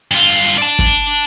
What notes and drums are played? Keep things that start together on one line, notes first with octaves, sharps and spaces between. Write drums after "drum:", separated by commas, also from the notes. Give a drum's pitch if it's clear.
G2 F4
D5 A5
drum: kick